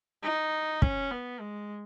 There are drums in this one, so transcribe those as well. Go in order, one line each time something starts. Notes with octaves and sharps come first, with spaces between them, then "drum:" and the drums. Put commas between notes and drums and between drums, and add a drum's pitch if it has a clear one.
D#4
C#4, drum: kick
B3
G#3